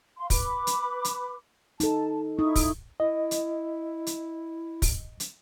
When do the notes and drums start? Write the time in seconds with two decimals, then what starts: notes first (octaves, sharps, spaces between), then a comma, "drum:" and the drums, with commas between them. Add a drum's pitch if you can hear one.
0.17 F5 C6
0.30 B4 B5 D6, drum: kick, open hi-hat
0.67 drum: hi-hat
1.05 drum: hi-hat
1.80 D#4 A4 A5, drum: hi-hat
2.39 D#4 E4 C#6 D#6
2.56 drum: kick, open hi-hat
3.00 E4 D#5
3.31 drum: hi-hat
4.07 drum: hi-hat
4.82 drum: kick, open hi-hat
5.20 drum: hi-hat